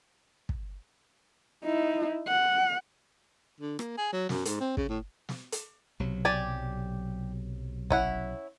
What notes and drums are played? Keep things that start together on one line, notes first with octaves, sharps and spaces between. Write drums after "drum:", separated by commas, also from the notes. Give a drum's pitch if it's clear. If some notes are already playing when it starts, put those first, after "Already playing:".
drum: kick
D#4 E4
F#5
D3
A#3, drum: rim click
G#4
F#3
F#2, drum: snare
G#2, drum: hi-hat
C4
C#3, drum: kick
A2
drum: snare
drum: hi-hat
B1 C3 F#3
G4 D5 G#5
C#4 E4 F#5, drum: kick